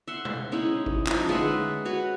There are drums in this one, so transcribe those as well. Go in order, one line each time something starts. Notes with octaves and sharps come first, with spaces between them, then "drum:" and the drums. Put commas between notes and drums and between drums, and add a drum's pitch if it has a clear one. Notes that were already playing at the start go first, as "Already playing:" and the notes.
E5 F#5 C6
drum: tom
G#3 C#4 D#4 E4
drum: kick G#1
F3 C#4 D#4 F4, drum: clap
G#3 B4 E5 F#5, drum: tom D3
F#4 B4 C#5